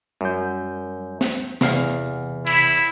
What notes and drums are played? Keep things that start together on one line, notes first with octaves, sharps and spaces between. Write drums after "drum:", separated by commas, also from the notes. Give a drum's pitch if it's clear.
F#2 G3 G6
drum: snare
E2 C3 F5, drum: snare
E4, drum: cymbal